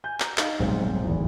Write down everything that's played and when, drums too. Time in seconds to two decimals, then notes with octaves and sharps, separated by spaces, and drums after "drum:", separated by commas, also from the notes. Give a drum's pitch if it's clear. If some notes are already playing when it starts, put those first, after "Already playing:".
0.04 G#5 G6
0.20 A#5, drum: clap
0.38 D#4 F5, drum: clap
0.59 D#1 B1 G#2 C4
1.04 D1 G#1 E2